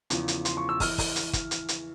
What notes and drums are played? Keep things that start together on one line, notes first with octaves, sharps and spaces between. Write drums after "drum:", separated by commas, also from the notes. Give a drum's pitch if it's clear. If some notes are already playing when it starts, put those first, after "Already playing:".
E2 C#3 F3, drum: hi-hat
drum: hi-hat
C6, drum: hi-hat
C#6
E6
E3 F6, drum: kick, open hi-hat
drum: kick, open hi-hat
drum: hi-hat
drum: kick, hi-hat
drum: hi-hat
drum: hi-hat